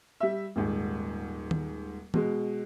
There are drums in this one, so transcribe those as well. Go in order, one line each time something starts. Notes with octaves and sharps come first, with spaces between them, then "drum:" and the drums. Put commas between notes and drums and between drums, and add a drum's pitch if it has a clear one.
G3 E5
D#1 G#2
drum: tom D#3
B2 G#3, drum: tom